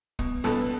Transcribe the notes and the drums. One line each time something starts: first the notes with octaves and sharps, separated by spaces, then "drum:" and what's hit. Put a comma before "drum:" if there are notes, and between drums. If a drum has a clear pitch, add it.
B2, drum: kick
B2 A4 B4, drum: snare